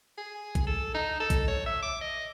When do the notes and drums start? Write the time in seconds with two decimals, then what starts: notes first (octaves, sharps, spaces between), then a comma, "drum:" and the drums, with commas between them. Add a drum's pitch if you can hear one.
0.18 G#4
0.55 drum: kick A#1, hi-hat
0.67 A4
0.94 D#4
1.20 A4
1.30 drum: kick A#1, hi-hat
1.48 C#5
1.66 E5
1.83 D6
2.01 D#5